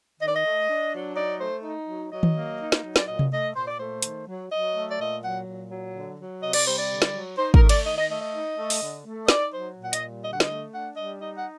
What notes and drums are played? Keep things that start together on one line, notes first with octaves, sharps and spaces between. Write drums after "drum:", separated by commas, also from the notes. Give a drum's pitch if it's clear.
D#3 D#5
D5
D#5
A3
D4
F#3
D#4 D5
A3 C5
D#4
F#3
F#3 D#5
drum: tom D#3
A#3
D#4
drum: snare
F#3
D5, drum: snare
A#2 D#5
drum: tom C3
A3 D#5
A#2 C5
D5
A3 C5
D#3, drum: hi-hat
F#3
F#3 D#5
A3
D5
A#2 D#5
F#3 F#5
A#2
F#3
D3
F#3
C3 D#5
D5, drum: cymbal
G3 C5
D5
D3
drum: snare
F#3
D#4 C5
A#4, drum: kick
A3
D5, drum: cymbal
D#3 D#5
D#5
A3 D#5
D#5
D#4
A3
drum: open hi-hat
D3
A3
D#5
D#4 D5, drum: snare
F#3 C5
A#2
F#5
D#5, drum: hi-hat
G3
D3 D#5
F#5
D#5, drum: snare
A3
D4 F#5
G3 D#5
D#4 D#5
F#5